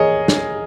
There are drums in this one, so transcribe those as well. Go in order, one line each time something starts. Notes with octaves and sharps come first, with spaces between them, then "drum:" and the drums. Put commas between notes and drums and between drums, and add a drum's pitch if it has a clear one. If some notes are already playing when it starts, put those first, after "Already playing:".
Already playing: G#4 A#4 C#5 D#5
drum: snare